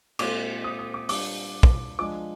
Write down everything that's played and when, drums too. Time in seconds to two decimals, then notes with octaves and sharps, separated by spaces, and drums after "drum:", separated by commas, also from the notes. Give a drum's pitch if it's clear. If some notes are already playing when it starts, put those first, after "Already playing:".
0.19 A#2 G#3 C4 F4 D6, drum: cymbal
0.64 D#6
0.79 D#6
0.94 D6
1.09 G3 D4 F4 D6, drum: open hi-hat
1.63 drum: kick
1.99 F3 G#3 D4 D6